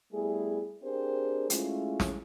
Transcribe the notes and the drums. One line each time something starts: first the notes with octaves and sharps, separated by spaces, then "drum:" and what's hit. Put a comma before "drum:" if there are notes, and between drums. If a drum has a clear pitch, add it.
G3 A3 B3 E4 G#4
C4 D4 G4 G#4 A#4 C5
G#3 A3 C#4 E4 F4, drum: hi-hat
drum: snare